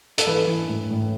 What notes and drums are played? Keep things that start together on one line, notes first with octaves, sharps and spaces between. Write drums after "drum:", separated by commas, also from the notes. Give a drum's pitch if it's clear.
A4, drum: hi-hat
E3 B4
E3
A2
A2